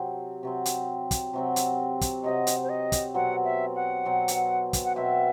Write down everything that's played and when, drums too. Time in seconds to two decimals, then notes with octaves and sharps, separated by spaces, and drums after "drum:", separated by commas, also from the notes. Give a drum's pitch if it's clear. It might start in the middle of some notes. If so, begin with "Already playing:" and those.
Already playing: C3 F#3 C4
0.43 C3 F#3 C4
0.65 drum: hi-hat
1.11 drum: kick, hi-hat
1.33 C3 F#3 C4
1.56 drum: hi-hat
2.01 drum: kick, hi-hat
2.24 C3 F#3 C4 D#5
2.47 drum: hi-hat
2.63 C5
2.69 D#5
2.92 drum: kick, hi-hat
3.14 B2 F#3 C4 F#5
3.45 E5
3.75 F#5
4.05 B2 F#3 C4
4.28 drum: hi-hat
4.73 drum: kick, hi-hat
4.85 F#5
4.96 B2 F#3 C4 E5